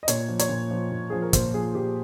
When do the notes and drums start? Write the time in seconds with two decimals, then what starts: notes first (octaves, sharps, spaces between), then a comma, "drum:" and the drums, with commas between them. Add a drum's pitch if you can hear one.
0.03 D#5
0.08 A#2 C#5, drum: hi-hat
0.28 F3
0.39 C#5, drum: hi-hat
0.49 A#2
0.71 F3
0.91 A#2
1.10 F3 G#4
1.22 A#4
1.33 A#2 C5, drum: kick, hi-hat
1.54 F3 G#4
1.75 A#2 G4